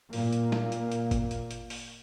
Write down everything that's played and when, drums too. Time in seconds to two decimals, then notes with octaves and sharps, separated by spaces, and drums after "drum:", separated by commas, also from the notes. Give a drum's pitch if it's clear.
0.13 A#2 A#3, drum: open hi-hat
0.33 drum: hi-hat
0.52 drum: snare
0.72 drum: hi-hat
0.92 drum: hi-hat
1.11 drum: kick G#1, hi-hat
1.31 drum: hi-hat
1.51 drum: hi-hat
1.70 drum: open hi-hat